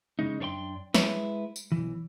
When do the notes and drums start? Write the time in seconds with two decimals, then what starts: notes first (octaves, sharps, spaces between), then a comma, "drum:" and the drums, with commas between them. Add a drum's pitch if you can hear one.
0.19 C#3 G#3 D#4
0.40 F#2 D4 A4 C#5 G5 C6
0.94 G#3 E4 B4, drum: snare
1.56 drum: tambourine
1.72 B1 E3